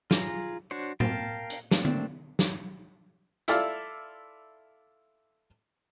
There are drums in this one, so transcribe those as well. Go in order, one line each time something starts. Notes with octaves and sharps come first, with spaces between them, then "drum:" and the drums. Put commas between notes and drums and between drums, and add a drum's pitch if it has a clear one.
F4 G#4 A#5, drum: snare
D4 F#4 C5 C#5
A#4 F5 G5 A5, drum: tom A2
drum: hi-hat
A3 A#3 C4 D4, drum: snare
drum: tom D3
drum: snare
E4 F4 A4 D5 E5 F5, drum: hi-hat